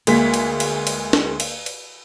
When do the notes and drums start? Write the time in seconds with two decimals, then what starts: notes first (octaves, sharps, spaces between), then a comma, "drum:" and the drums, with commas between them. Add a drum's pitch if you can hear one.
0.07 D2 G#3 A#3 B6, drum: cymbal
0.34 drum: cymbal
0.60 drum: cymbal
0.87 drum: cymbal
1.13 drum: snare
1.40 drum: cymbal
1.66 drum: cymbal